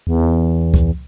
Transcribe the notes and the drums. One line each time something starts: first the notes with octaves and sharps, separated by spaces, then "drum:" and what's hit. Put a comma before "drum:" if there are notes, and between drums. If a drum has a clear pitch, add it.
E2
drum: kick C#2